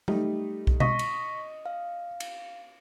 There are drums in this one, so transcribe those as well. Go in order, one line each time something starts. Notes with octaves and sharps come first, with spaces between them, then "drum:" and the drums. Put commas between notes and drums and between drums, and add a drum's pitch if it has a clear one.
G3 A3 D#4, drum: tom F#3
drum: kick B1
D#5 C#6 A#6 B6, drum: tom B2
drum: cymbal
F5
drum: cymbal